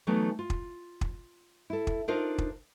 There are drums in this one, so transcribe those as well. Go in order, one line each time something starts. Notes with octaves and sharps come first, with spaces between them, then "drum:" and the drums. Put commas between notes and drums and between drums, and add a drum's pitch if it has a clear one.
E3 F#3 A3 B3 D#4
F4
drum: kick
drum: kick
E4 A4
drum: kick
D4 D#4 F4 A#4 C5
drum: kick